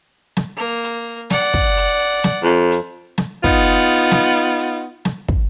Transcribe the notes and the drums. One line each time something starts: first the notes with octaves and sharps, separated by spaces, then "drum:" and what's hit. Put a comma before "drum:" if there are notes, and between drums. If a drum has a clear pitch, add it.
drum: snare
A#3
drum: hi-hat
D5 F#5, drum: snare
drum: kick
drum: hi-hat
drum: snare
F2
drum: hi-hat
drum: snare
B3 D#4 F4, drum: kick
drum: hi-hat
drum: snare
drum: hi-hat
drum: snare
drum: kick